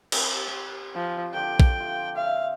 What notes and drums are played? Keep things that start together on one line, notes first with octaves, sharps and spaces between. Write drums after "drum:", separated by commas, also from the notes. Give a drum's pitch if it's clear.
C4 G4, drum: cymbal
C4
F3
D3 F3 D4 G5
drum: kick
F4
E5 F5